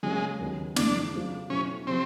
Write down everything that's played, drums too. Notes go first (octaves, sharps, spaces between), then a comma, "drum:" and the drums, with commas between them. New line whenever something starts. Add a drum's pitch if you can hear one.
C#3 F#3 G#3 A#3 C#4
D#2 C#3 F#3 B3
F2 C#3 E3 D4, drum: snare
C#3 F#3 A3 C4 F4
B2 F#3 A3 C4 C#4 E4
C3 F3 C4